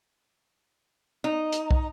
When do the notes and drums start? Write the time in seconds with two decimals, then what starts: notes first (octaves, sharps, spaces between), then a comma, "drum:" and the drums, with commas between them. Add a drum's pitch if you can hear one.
1.24 D#4
1.52 drum: hi-hat
1.71 drum: kick